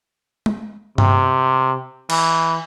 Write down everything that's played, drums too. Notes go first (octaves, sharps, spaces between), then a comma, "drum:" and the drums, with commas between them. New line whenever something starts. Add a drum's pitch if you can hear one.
drum: tom G#3
C3, drum: tom G2
E3, drum: cymbal